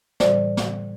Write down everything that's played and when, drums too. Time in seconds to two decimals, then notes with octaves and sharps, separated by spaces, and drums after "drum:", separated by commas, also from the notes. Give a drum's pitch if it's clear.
0.20 A2 E3 G3 C5 D5, drum: snare
0.57 drum: snare